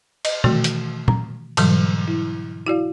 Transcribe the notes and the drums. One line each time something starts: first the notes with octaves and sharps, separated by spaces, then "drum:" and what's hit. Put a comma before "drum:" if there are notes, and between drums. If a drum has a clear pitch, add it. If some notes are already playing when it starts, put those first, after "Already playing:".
D#5, drum: cymbal
B2 D#3 E3 A3 F#4, drum: tom A#2
drum: hi-hat
A#5, drum: tom A#2
G#2 B2 D3 E3 F#3 G3, drum: cymbal
E4
E4 F#4 D5 F5